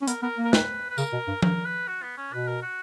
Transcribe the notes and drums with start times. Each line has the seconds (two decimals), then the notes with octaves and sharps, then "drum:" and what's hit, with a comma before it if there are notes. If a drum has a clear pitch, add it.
0.02 C#4
0.08 B3 A#4, drum: hi-hat
0.22 B3 A#4
0.38 A#3
0.44 A#4
0.53 B4, drum: snare
0.90 B4
0.98 C#3 A#4, drum: tambourine
1.13 B2
1.28 G2
1.42 A#4, drum: tom F3
1.65 B4
1.88 F#4
2.03 B3
2.17 C#4
2.33 B2 B4
2.48 A#4
2.63 F#4